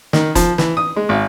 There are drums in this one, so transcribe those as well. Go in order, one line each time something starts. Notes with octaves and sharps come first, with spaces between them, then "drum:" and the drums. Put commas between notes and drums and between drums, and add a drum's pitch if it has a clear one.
D#3, drum: snare
F3, drum: kick F1, hi-hat
E3, drum: snare
D#6
G#3
G#1